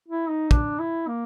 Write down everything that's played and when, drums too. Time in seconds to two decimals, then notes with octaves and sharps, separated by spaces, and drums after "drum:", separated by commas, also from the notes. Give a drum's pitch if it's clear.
0.08 E4
0.29 D#4
0.51 D4, drum: kick
0.79 E4
1.08 A#3